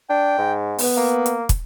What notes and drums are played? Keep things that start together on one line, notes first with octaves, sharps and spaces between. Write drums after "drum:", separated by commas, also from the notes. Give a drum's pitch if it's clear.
D4 G5
G#2
B3, drum: open hi-hat
A#3
drum: hi-hat
drum: kick, hi-hat